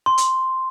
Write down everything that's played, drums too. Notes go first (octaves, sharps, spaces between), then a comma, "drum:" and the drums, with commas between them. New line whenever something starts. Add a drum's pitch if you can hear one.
C6
drum: hi-hat